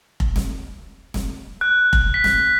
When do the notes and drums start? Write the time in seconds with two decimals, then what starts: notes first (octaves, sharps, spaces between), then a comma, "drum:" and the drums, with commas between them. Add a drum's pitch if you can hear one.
0.20 drum: kick F1
0.36 drum: snare
1.14 drum: snare
1.61 F#6
1.93 drum: kick F1
2.14 B6
2.24 drum: snare